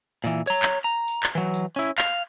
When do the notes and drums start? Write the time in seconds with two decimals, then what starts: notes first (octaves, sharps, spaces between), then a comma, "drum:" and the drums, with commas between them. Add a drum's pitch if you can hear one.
0.24 A#2 E3
0.47 C#5 A#5, drum: tambourine
0.63 drum: clap
0.84 A#5
1.08 drum: tambourine
1.23 drum: clap
1.35 E3 F#3
1.54 drum: tambourine
1.76 C#4 E4
1.98 F5, drum: clap